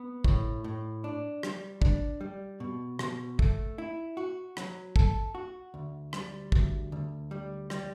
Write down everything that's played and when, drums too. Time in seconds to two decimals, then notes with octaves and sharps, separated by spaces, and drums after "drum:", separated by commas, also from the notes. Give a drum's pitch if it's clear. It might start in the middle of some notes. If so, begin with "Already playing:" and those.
Already playing: B3
0.24 A2, drum: kick
0.64 A2
1.04 D4
1.43 G3, drum: rim click
1.82 D4, drum: kick
2.21 G3
2.60 B2
2.99 B2, drum: rim click
3.39 A3, drum: kick
3.78 E4
4.17 F#4
4.57 F#3, drum: rim click
4.96 A4, drum: kick
5.35 F#4
5.74 D2
6.13 G3, drum: rim click
6.52 D2, drum: kick
6.92 D2
7.31 G3
7.70 G3, drum: rim click